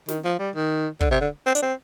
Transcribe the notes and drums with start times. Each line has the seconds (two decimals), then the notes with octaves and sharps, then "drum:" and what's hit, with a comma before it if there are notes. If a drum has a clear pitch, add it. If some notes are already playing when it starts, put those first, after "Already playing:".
0.08 D#3, drum: snare
0.24 F3
0.39 G3
0.55 D#3
1.01 D3, drum: kick
1.11 C3
1.21 D3
1.46 C4
1.55 D4, drum: hi-hat
1.62 C4